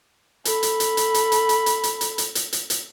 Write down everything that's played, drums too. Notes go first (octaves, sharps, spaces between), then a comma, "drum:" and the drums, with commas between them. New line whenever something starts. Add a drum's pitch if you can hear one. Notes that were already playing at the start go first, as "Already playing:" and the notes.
A4 B5, drum: hi-hat
drum: hi-hat
drum: hi-hat
drum: hi-hat
drum: hi-hat
drum: hi-hat
drum: hi-hat
drum: hi-hat
drum: hi-hat
drum: hi-hat
drum: hi-hat
drum: hi-hat
drum: hi-hat
drum: hi-hat